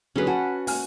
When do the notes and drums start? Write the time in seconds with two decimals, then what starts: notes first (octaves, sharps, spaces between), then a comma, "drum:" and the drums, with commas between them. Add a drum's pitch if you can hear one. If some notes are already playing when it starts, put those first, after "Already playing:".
0.16 D3 F#3 C#4 G#4 B4
0.27 F#4 F#5 G#5 A5
0.67 G#5 F6, drum: open hi-hat